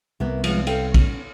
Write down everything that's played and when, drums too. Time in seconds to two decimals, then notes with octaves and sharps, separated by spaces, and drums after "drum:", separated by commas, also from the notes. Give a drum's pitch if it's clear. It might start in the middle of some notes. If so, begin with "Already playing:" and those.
0.20 C2 A#3 B3 E4
0.44 F3 G#3 B3, drum: cymbal
0.67 A4 F5 G5, drum: cymbal
0.94 C#4, drum: kick, cymbal